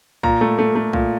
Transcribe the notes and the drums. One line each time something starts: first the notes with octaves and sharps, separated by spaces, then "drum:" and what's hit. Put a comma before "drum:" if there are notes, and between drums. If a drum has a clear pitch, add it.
A#2 A#5, drum: kick B1
A3
A3
A3
A#2, drum: kick B1